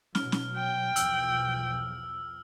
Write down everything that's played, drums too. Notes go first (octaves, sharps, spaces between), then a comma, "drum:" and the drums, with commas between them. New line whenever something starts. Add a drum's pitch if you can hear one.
B2 F#3 F6, drum: snare
drum: snare
G5
B1 E2 F3 E6, drum: hi-hat